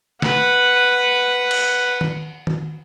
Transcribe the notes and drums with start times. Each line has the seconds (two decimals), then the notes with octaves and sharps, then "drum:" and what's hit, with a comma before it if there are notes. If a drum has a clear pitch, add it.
0.22 B4 F#5, drum: snare
1.51 drum: cymbal
2.01 drum: tom D#3
2.47 drum: tom D#3